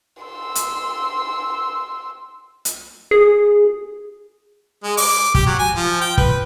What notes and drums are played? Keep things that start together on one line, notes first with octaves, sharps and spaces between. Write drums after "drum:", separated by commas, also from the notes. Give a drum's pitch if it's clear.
C6 E6
drum: hi-hat
drum: hi-hat
G#4
G#3
D6, drum: open hi-hat
G4, drum: kick
F#3
G#5
F3
G5
B4, drum: kick